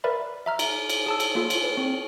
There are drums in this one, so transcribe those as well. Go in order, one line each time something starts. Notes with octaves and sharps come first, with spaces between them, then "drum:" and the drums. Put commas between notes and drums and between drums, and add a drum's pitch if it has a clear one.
A#4 B4 D5 E5 B5
E5 A#5 F6
drum: cymbal
drum: cymbal
G#4 A5 E6
drum: cymbal
A#3 F4 A4
drum: cymbal
B4
C4